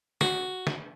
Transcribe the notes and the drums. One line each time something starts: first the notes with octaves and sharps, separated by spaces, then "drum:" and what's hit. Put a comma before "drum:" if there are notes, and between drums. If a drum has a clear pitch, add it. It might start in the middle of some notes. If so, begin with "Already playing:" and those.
F#4, drum: snare
drum: snare